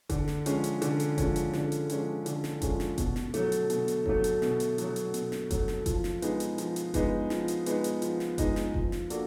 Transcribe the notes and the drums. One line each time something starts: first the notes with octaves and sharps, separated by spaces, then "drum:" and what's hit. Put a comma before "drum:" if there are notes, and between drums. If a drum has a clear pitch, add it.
D3, drum: kick F#1, hi-hat
drum: snare
F3 G#3 C#4, drum: hi-hat
drum: hi-hat
D3, drum: hi-hat
drum: hi-hat
F3 G#3 C#4, drum: kick F#1, hi-hat
drum: hi-hat
D3, drum: snare
drum: hi-hat
F3 G#3 C#4, drum: hi-hat
D3, drum: hi-hat
drum: snare
F3 G#3 C#4, drum: kick F#1, hi-hat
drum: snare
B2, drum: kick F#1, hi-hat
drum: snare
F#3 A3, drum: hi-hat
drum: hi-hat
B2, drum: hi-hat
drum: hi-hat
F#3 A3, drum: kick F#1
drum: hi-hat
B2, drum: snare
drum: hi-hat
F#3 A3, drum: hi-hat
drum: hi-hat
B2, drum: hi-hat
drum: snare
F#3 A3, drum: kick F#1, hi-hat
drum: snare
F3, drum: kick F#1, hi-hat
drum: snare
G#3 B3 D#4, drum: hi-hat
drum: hi-hat
F3, drum: hi-hat
drum: hi-hat
G#3 B3 D#4, drum: kick F#1, hi-hat
F3, drum: snare
drum: hi-hat
G#3 B3 D#4, drum: hi-hat
drum: hi-hat
F3, drum: hi-hat
drum: snare
G#3 B3 D#4, drum: kick F#1, hi-hat
drum: snare
F3, drum: kick F#1
drum: snare
A#3 D4 F#4 A4, drum: hi-hat